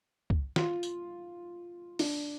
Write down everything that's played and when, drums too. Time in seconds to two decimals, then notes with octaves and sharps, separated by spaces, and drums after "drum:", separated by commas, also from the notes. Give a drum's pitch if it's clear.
0.30 drum: kick
0.56 F4, drum: snare
0.83 drum: tambourine
1.99 D4, drum: open hi-hat